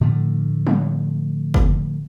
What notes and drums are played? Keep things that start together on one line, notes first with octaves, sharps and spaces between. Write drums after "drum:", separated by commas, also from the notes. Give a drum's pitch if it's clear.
A2 D3 F3 A3
drum: tom F#3
drum: kick